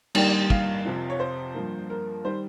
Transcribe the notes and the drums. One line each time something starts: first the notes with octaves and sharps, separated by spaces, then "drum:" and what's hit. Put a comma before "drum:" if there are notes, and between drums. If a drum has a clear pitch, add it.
G2 D#3 G3 A#3 G5, drum: cymbal
F5, drum: kick
F2 C3 F3
C#5
C5
G2 F3 A#3
A#4
D#3 G3 C5